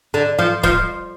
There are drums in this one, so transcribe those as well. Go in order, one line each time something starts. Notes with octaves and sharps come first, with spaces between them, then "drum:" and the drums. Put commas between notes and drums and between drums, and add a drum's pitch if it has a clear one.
D3
F3
F3, drum: kick